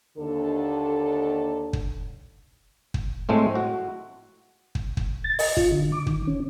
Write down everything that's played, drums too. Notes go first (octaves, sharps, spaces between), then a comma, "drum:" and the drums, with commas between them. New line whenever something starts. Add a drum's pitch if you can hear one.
D#2 D3 A4
drum: kick
drum: kick
A2 G#3 A3 C4
F#4
drum: kick
drum: kick
A6
D#5, drum: open hi-hat
F4, drum: kick
D3
D6
D#3, drum: kick
C#4